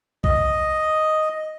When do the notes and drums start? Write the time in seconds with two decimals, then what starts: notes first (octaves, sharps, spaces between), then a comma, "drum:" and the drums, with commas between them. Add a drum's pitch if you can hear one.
0.24 D#5, drum: kick B1